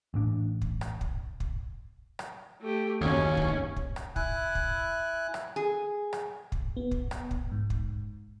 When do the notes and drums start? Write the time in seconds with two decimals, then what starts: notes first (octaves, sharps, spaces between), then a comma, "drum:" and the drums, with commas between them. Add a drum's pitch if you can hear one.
0.14 A1 A2 D4
0.62 drum: kick
0.81 drum: rim click
1.01 drum: kick
1.40 drum: kick
2.19 drum: rim click
2.61 A3 G4
3.01 F#1 D#2 C#4
3.37 drum: kick
3.76 drum: kick
3.96 drum: rim click
4.16 E4 G#5 F#6, drum: kick
4.55 drum: kick
5.34 drum: rim click
5.56 G#4
6.13 drum: rim click
6.52 drum: kick
6.77 B3
6.91 drum: kick
7.11 drum: rim click
7.31 drum: kick
7.51 G#2
7.70 drum: kick